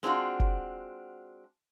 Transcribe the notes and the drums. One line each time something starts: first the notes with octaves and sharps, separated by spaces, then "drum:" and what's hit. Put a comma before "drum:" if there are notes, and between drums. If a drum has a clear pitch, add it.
G#3 C4 D4 F4 F#4
drum: kick